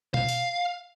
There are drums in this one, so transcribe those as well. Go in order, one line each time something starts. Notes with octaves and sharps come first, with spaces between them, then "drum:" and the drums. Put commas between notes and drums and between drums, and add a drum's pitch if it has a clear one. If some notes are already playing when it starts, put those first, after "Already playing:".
F5, drum: tom B2
drum: open hi-hat